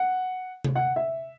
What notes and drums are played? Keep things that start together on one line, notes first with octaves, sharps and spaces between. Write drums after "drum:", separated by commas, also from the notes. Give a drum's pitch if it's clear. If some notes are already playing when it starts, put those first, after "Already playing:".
Already playing: F#5
drum: tom C3
F#5
E5